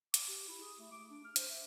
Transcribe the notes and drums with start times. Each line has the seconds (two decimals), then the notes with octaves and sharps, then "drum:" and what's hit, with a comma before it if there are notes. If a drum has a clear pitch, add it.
0.14 D6, drum: hi-hat
0.28 G4
0.48 E4
0.61 G#4
0.78 A3
0.91 D6
1.10 D4
1.24 F6
1.36 C5, drum: hi-hat
1.49 E5